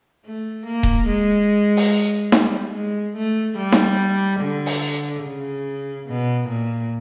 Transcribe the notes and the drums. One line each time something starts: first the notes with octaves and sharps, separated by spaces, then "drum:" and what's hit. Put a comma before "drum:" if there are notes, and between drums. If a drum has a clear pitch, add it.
A3
A#3
drum: kick D#1
G#3
drum: open hi-hat
G3, drum: snare D#4
G#3
A3
G3
drum: snare D#4
D3
drum: open hi-hat
C#3
B2
A#2